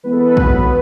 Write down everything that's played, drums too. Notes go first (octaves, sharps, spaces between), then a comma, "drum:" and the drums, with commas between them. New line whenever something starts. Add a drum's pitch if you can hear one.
E3 G#3 B3 B4
A4
B4
B2 F#3 B3, drum: kick A#1